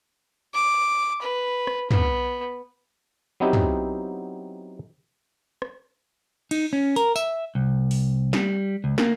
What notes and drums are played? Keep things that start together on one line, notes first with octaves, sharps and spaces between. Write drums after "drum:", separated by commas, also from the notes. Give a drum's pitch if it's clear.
D6
B4
drum: rim click
B3, drum: tom
F#3 B3 C4 D#4 E4 G4
drum: tom
drum: rim click
D#4, drum: cymbal
C#4
A#4, drum: hi-hat
E5, drum: tambourine
C2
drum: open hi-hat
G3, drum: snare
C#2
A#3, drum: snare